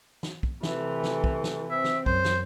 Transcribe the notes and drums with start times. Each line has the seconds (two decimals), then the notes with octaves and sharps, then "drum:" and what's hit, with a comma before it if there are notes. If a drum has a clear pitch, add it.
0.23 drum: snare
0.43 drum: kick
0.63 C3 E3 A3, drum: snare
1.04 drum: snare
1.24 drum: kick
1.44 drum: snare
1.71 C4 E5
1.84 drum: snare
2.06 F#2 C5, drum: kick
2.25 drum: snare